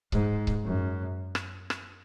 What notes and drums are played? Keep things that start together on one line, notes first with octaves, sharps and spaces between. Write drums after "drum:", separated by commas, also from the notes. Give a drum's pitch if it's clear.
G#2, drum: kick C#1
drum: kick C#1
F#2
drum: rim click
drum: rim click